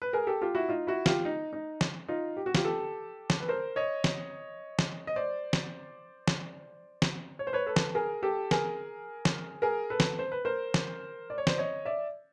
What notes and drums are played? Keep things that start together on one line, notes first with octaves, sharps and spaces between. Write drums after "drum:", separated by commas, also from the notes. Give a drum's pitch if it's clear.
B4
G#4 A#4
G4 A4
F4 G4
E4 F#4
D#4 F4
E4 F#4
F4 G4, drum: snare
D#4
D#4
drum: snare
D#4 F4
G4
F#4
F4 G4, drum: snare
G4 A4
drum: snare
B4
A#4 C5
C#5 D#5
drum: snare
drum: snare
D#5
C5 D5
drum: snare
drum: snare
drum: snare
C#5
C5
B4 C#5
A4 B4
drum: snare
G#4 A#4
G4 A4
G#4 A#4, drum: snare
drum: snare
G#4 A#4
A4 B4
drum: snare
C5
B4
A#4 C5
drum: snare
D5
C#5
C5 D5, drum: snare
C#5 D#5
D5 E5